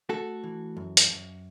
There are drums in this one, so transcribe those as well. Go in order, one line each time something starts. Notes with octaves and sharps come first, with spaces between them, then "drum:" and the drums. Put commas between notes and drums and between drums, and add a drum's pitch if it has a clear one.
A3 F#4 A4
E3
F#2
drum: hi-hat
F#2